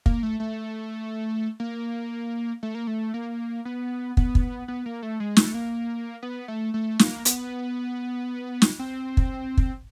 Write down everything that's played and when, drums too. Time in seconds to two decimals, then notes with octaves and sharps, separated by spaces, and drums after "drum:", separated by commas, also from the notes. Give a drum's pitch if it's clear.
0.06 A#3, drum: kick
0.23 A3
0.40 A3
1.60 A#3
2.63 A3
2.75 A#3
2.87 A3
3.14 A#3
3.65 B3
4.17 B3, drum: kick
4.35 drum: kick
4.68 B3
4.86 A#3
5.03 A3
5.20 G#3
5.37 A3, drum: snare
5.54 A#3
6.23 B3
6.48 A3
6.74 A3
6.99 A#3, drum: snare
7.25 B3, drum: hi-hat
8.62 drum: snare
8.79 C4
9.17 drum: kick
9.57 drum: kick